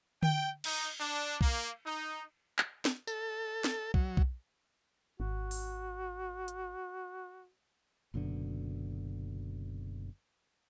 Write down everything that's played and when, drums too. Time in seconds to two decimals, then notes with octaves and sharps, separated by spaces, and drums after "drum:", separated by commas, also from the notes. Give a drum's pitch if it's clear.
0.23 G5, drum: tom D3
0.64 D#4, drum: cymbal
0.99 D4
1.41 A#3, drum: kick
1.85 D#4
2.58 drum: clap
2.85 drum: snare
3.07 A4, drum: tambourine
3.64 drum: snare
3.94 F#3, drum: kick
4.17 drum: kick
5.20 G#1 F#4
5.51 drum: open hi-hat
6.48 drum: hi-hat
8.14 F#1 F#2 B2 D3